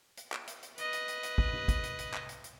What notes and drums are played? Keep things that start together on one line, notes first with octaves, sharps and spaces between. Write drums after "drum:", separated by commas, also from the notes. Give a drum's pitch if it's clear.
drum: hi-hat
drum: clap
drum: hi-hat
drum: hi-hat
B4 D#5, drum: hi-hat
drum: hi-hat
drum: hi-hat
drum: hi-hat
drum: kick
drum: tom C3
drum: kick, hi-hat
drum: hi-hat
drum: hi-hat
drum: clap
drum: hi-hat
drum: hi-hat